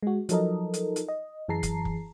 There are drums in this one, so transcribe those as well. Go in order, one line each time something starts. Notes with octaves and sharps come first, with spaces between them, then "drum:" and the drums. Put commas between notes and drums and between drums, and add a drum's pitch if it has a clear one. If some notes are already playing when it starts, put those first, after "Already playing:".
G#3 F#4
F3 F#3 D#4 A4 A#4 D#5, drum: hi-hat
drum: hi-hat
drum: hi-hat
D#5
F#2 E3 G#4 A5 A#5 C7
drum: kick, hi-hat
drum: kick